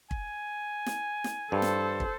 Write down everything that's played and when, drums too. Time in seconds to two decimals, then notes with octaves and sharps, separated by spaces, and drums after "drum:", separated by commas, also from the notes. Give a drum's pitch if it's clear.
0.11 G#5, drum: kick
0.86 drum: snare
1.24 drum: snare
1.52 G2 A4 C5
1.62 drum: snare
2.00 drum: kick